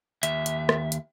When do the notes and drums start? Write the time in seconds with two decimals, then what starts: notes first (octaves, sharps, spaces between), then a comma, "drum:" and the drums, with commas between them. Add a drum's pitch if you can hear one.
0.23 D#2 E5, drum: hi-hat
0.46 drum: hi-hat
0.69 drum: rim click
0.92 drum: hi-hat